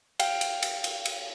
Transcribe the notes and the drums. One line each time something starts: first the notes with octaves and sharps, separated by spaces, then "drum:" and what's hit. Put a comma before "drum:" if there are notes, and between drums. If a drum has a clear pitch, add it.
F5 G5, drum: cymbal
drum: cymbal
drum: cymbal
drum: cymbal
drum: cymbal